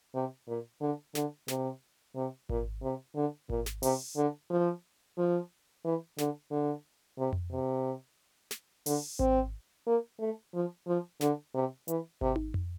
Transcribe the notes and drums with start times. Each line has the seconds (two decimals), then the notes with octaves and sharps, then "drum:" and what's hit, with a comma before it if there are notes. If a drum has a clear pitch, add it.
0.14 C3
0.47 A#2
0.81 D3
1.15 D3, drum: snare
1.48 C3, drum: snare
2.16 C3
2.49 A#2, drum: kick G#1
2.82 C3
3.15 D3
3.50 A#2, drum: kick G#1
3.66 drum: snare
3.83 C3, drum: open hi-hat
4.16 D3
4.50 F3
5.17 F3
5.84 E3
6.18 D3, drum: snare
6.51 D3
7.18 C3
7.33 drum: tom F2
7.52 C3
8.51 drum: snare
8.86 D3, drum: open hi-hat
9.19 C4, drum: kick G#1
9.86 A#3
10.20 A3
10.54 F3
10.87 F3
11.21 D3, drum: snare
11.54 C3
11.88 E3, drum: hi-hat
12.21 C3, drum: kick G#1
12.36 drum: tom
12.54 drum: tom F2